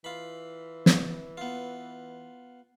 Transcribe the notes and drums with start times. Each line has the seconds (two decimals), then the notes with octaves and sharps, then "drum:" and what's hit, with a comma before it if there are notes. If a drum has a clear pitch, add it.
0.04 E3 F4 B5
0.86 drum: snare
1.37 B3 F4